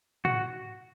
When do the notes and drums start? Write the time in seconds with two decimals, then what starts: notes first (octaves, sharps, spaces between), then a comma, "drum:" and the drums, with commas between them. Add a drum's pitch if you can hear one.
0.25 F#4, drum: tom